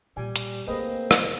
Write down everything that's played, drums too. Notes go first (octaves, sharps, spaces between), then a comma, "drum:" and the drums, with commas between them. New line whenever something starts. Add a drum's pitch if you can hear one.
A#2 G3 G#5
drum: hi-hat
A3 A#3 C4 D#4 G#4 B4 D#5
drum: rim click